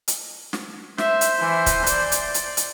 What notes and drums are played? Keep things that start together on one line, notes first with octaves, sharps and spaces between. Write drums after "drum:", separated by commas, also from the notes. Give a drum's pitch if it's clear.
drum: hi-hat
drum: snare
C5 E5, drum: snare
drum: hi-hat
E3
drum: kick, hi-hat
D5, drum: hi-hat
drum: hi-hat
drum: hi-hat
drum: hi-hat